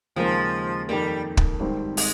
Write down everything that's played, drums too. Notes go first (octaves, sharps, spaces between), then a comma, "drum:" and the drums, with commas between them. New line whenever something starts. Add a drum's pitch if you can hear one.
D#2 C#3 F3 G#3 D#4 A#4
F2 D#3 G3 A#3
drum: kick
G#1 G#2 D#3 G3 C4
G#3, drum: open hi-hat